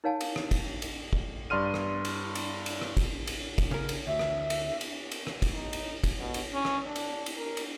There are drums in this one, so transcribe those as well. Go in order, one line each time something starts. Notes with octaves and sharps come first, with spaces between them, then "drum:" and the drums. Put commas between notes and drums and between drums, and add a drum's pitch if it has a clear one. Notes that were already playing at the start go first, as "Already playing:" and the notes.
D#4 A#4 C#5 F5 G#5 A5
drum: cymbal
drum: rim click
drum: kick, cymbal
drum: cymbal
drum: kick
G2 D5 C6 F6 D#7
drum: rim click
drum: cymbal
drum: cymbal
drum: cymbal
drum: rim click
drum: kick, cymbal
drum: cymbal
drum: kick, cymbal
C#3 A#4
drum: cymbal
D2 E5
drum: rim click
drum: cymbal
drum: cymbal
drum: cymbal
drum: rim click
drum: kick, cymbal
D#4
drum: cymbal
drum: kick, cymbal
B2
drum: cymbal
C#4
drum: rim click
D4
drum: cymbal
drum: cymbal
A#4
drum: cymbal